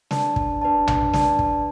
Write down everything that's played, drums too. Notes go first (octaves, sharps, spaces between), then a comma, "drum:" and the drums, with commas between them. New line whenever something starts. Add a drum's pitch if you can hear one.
D4 B4 D5 A5, drum: snare
drum: kick
D4 B4 D5 A5
drum: tom A#1
D4 B4 D5 A5, drum: snare
drum: kick